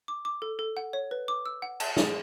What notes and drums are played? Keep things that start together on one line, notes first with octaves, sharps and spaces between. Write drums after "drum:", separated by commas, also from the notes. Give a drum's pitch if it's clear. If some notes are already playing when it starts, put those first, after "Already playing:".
D6
D6
A4
A4
F#5
C#5
B4
D6
E6
F#5
A5, drum: cymbal
G#4, drum: snare